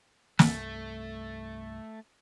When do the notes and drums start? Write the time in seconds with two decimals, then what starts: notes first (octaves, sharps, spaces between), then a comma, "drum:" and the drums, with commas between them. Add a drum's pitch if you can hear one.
0.39 C2 G2 A3, drum: snare